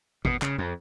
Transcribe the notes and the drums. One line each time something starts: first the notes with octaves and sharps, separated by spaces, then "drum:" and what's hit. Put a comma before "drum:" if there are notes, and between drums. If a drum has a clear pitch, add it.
B2, drum: kick
C#3, drum: clap
F2